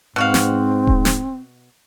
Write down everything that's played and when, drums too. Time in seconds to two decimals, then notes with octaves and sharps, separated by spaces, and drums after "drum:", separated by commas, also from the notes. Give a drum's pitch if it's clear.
0.16 G#2 B2 C4 F#4 F5
0.34 drum: snare
0.87 drum: kick D#1
1.05 drum: snare